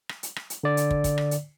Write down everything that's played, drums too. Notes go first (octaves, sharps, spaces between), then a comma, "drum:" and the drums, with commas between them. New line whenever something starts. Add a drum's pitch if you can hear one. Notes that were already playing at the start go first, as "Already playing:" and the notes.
drum: rim click
drum: hi-hat
drum: rim click
drum: hi-hat
D3 D5
drum: hi-hat
drum: kick
drum: kick, hi-hat
drum: rim click
drum: hi-hat